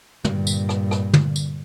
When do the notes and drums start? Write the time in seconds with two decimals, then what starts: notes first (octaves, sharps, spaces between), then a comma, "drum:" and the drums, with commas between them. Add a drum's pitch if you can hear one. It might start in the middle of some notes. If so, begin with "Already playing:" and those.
0.25 G2 A#2, drum: tom
0.47 drum: tambourine
0.69 drum: rim click
0.91 drum: rim click
1.13 drum: tom
1.36 drum: tambourine